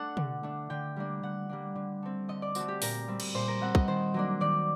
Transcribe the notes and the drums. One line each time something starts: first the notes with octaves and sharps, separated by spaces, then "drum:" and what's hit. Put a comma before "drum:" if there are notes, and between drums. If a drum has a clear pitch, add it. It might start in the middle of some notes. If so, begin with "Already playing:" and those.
Already playing: A3 D4 A4 F#5
D3, drum: tom
A3 D4
D3 G5
G3 A#3 D4
D3 F#5
G3 A#3 D4
D3
A3 C4
D3 D#5
D5
A3 C4 F#4, drum: tambourine
G4
A#2 A#4, drum: open hi-hat
G3 C4
drum: cymbal
A#2 C5
A#4
G3 C4 F#5
D#5, drum: kick
D#3 C5
F#3 A#3 D4
D#3 D5